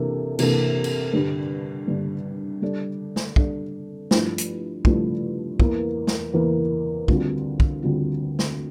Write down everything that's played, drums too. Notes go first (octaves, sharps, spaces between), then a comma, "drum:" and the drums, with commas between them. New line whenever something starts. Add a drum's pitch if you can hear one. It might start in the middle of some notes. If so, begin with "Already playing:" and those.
Already playing: C3 E3 A#3 D4 A4
C3 E3 A#3 D4 A4, drum: cymbal
drum: cymbal
G2 D3 G3 D4
G2 D3 G3 D4
G3 D4 A4 D5
drum: snare
G3 D4 A4 D5, drum: kick
G2 F3 A3 E4, drum: snare
drum: hi-hat
G2 F3 A3 E4, drum: kick
E2 E3 A#3, drum: kick
drum: snare
E2 E3 A#3
D2 D3 G3 C4 F4, drum: kick
drum: kick
D2 D3 G3 C4 F4
drum: snare